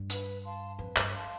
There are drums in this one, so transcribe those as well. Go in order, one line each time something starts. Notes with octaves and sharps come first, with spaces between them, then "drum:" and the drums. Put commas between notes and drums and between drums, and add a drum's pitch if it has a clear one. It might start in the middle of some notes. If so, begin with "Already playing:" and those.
Already playing: G2
B4, drum: hi-hat
F5 A5 C6
F2 B4
G2, drum: clap
F5 A5 C6